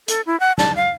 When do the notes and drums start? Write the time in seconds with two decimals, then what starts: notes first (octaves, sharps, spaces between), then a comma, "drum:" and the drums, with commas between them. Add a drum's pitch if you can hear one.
0.08 A4, drum: hi-hat
0.26 E4
0.40 F#5
0.58 A5, drum: snare
0.76 F5